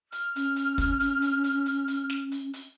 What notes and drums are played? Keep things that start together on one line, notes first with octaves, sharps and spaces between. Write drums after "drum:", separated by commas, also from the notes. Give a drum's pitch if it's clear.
F6, drum: hi-hat
C#4, drum: hi-hat
drum: hi-hat
drum: kick, hi-hat
drum: hi-hat
drum: hi-hat
drum: hi-hat
drum: hi-hat
drum: hi-hat
drum: snare
drum: hi-hat
drum: hi-hat